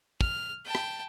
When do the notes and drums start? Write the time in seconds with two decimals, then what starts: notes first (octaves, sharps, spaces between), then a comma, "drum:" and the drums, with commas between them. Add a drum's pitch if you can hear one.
0.21 F6, drum: kick
0.65 G5 A5
0.75 drum: rim click